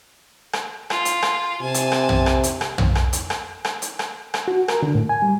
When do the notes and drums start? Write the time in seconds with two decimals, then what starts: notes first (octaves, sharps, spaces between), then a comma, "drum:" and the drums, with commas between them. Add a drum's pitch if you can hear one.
0.53 drum: rim click
0.90 F4, drum: rim click
1.05 drum: hi-hat
1.22 drum: rim click
1.62 C3 G#5 A5
1.74 drum: hi-hat
1.92 drum: rim click
2.09 drum: tom
2.26 drum: rim click
2.44 drum: hi-hat
2.61 drum: rim click
2.78 drum: tom
2.95 drum: rim click
3.13 drum: hi-hat
3.30 drum: rim click
3.65 drum: rim click
3.82 drum: hi-hat
3.99 drum: rim click
4.34 drum: rim click
4.48 F#4
4.68 A#4, drum: rim click
4.83 D3
4.95 A2
5.09 G#5
5.22 G3